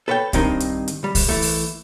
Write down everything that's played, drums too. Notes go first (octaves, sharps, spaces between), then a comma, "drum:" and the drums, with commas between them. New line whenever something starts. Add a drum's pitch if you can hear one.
A4 B4 C#5 E5 G5
G2 D#3 C4 D#4 A#4 D#5, drum: kick, hi-hat
drum: hi-hat
drum: hi-hat
G3
drum: kick, open hi-hat
E3 A3
drum: open hi-hat